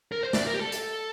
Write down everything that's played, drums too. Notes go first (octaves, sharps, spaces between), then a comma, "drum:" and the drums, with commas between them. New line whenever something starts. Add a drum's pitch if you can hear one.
A#4
C5
D5, drum: snare
A#4
G4
A4
drum: hi-hat